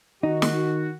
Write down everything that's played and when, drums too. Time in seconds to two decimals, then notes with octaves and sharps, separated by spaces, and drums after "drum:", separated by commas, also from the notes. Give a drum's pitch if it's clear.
0.23 D#3 D#4 F#4
0.42 drum: snare